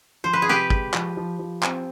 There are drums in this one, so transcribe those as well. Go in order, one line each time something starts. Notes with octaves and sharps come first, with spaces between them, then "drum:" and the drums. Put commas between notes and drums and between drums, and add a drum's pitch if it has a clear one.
F3 C5
B4
G#4
C3 G4 B4
G#3, drum: kick
F3, drum: clap
F3
F3
C4, drum: clap